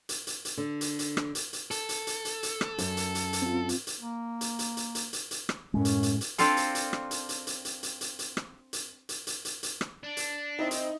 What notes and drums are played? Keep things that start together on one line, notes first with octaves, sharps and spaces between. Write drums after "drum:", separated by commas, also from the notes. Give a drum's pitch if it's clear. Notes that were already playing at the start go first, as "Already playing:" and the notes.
drum: hi-hat
drum: hi-hat
drum: hi-hat
D3
drum: hi-hat
drum: hi-hat
drum: rim click
drum: hi-hat
drum: hi-hat
A4, drum: hi-hat
drum: hi-hat
drum: hi-hat
drum: hi-hat
drum: hi-hat
drum: rim click
F#2, drum: hi-hat
drum: hi-hat
drum: hi-hat
drum: hi-hat
C4 F4
drum: hi-hat
drum: hi-hat
A#3
drum: hi-hat
drum: hi-hat
drum: hi-hat
drum: hi-hat
drum: hi-hat
drum: hi-hat
drum: rim click
F#2 A2 G#3 C#4
drum: hi-hat
drum: hi-hat
drum: hi-hat
C4 D4 F4 A4, drum: hi-hat
drum: hi-hat
drum: hi-hat
drum: rim click
drum: hi-hat
drum: hi-hat
drum: hi-hat
drum: hi-hat
drum: hi-hat
drum: hi-hat
drum: hi-hat
drum: rim click
drum: hi-hat
drum: hi-hat
drum: hi-hat
drum: hi-hat
drum: hi-hat
drum: rim click
D4
drum: hi-hat
C4 D#4 E4 D#5
drum: hi-hat